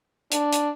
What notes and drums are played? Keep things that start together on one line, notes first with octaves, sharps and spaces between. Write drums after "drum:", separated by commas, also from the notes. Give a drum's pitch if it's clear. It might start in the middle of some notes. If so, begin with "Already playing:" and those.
D4, drum: hi-hat
drum: hi-hat